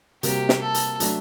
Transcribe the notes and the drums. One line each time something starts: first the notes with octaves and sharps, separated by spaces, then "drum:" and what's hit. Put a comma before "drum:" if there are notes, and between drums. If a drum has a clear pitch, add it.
C3 G3 A#3 F#4 G4, drum: hi-hat
drum: snare
A4
drum: hi-hat
F#3 A3 D4 F#4, drum: hi-hat